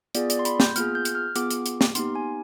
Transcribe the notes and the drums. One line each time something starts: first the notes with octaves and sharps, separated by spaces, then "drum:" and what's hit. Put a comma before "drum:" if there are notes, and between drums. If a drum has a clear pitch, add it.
B3 F4 G#4 D5, drum: hi-hat
D5, drum: hi-hat
C6
B5, drum: hi-hat
G6, drum: snare
B3 F4 G#4 F6, drum: hi-hat
G6
drum: hi-hat
F6
B3 F4 G#4 D6, drum: hi-hat
drum: hi-hat
drum: hi-hat
drum: snare
B3 D#4 G4 C6, drum: hi-hat
G#5